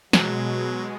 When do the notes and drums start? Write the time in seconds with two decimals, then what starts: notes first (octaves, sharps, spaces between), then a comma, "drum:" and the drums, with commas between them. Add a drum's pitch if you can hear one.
0.13 B2 F#3 G#3, drum: snare